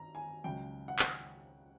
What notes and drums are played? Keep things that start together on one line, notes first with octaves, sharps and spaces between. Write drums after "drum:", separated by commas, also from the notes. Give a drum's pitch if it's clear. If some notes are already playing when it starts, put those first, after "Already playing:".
Already playing: A#5
G#5
C#2 C#3 F#3 G5
F#5
drum: clap